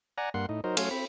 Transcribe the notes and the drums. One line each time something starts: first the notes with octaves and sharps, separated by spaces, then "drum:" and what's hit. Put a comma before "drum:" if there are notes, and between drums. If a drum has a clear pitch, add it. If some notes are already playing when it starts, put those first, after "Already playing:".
D5 F#5 G#5 A#5
G2 A#3 F#5 C6
A2 D#4
F#3 D#4 A#4 C5
F#3 A3 C#4 F5 G#5 C6, drum: cymbal
C4 B5